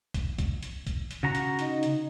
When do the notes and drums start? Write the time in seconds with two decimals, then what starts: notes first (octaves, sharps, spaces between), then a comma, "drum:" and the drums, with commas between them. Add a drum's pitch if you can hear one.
0.14 drum: kick B1, hi-hat
0.38 drum: kick B1, hi-hat
0.63 drum: hi-hat
0.87 drum: kick B1, hi-hat
1.11 drum: hi-hat
1.23 C#3 F#4 A#5
1.35 drum: hi-hat
1.59 D#4, drum: hi-hat
1.83 drum: hi-hat